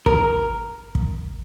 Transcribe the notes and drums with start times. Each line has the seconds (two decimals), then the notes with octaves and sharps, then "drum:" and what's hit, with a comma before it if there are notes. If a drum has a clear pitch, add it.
0.06 A#4, drum: kick
0.95 drum: kick